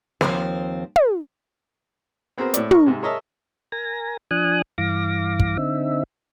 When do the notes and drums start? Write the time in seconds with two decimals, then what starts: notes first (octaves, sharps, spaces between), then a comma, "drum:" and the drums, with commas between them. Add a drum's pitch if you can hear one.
0.21 D#2 F3 C4 C5, drum: snare
0.96 drum: tom
2.38 B3 C4 F#4 G#4 A#4 C5
2.54 A2 D5, drum: hi-hat
2.71 A#4 C#6, drum: tom
2.86 G#2 C3
3.02 G#4 A#4 C#5 D#5 E5 A5
3.72 A#4 G#5 A#6
4.31 F3 D4 G#5 D#6 F#6
4.78 G2 E3 F5 D6 A#6
5.40 drum: kick
5.57 D3 C4 D#4 E5